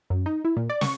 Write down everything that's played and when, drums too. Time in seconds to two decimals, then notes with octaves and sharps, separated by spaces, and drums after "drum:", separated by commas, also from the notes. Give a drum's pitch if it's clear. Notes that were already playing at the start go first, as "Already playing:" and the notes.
0.10 F#2
0.26 D#4
0.45 E4
0.57 A#2
0.70 D5
0.81 C#6, drum: snare